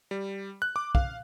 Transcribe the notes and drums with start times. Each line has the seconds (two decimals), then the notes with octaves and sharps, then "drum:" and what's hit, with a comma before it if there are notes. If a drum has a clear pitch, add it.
0.11 G3
0.62 F#6
0.76 D6
0.95 F5, drum: kick